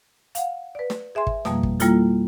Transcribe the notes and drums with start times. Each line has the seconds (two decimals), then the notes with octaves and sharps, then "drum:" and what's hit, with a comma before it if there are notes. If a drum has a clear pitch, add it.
0.35 F5 F#5, drum: hi-hat
0.75 B4 D5
0.90 drum: snare
1.15 G#4 E5 G#5 C6
1.27 drum: kick
1.45 F2 B2 F3 G3 A#3, drum: snare
1.63 drum: kick
1.80 G3 A#3 E4 F4 A4, drum: hi-hat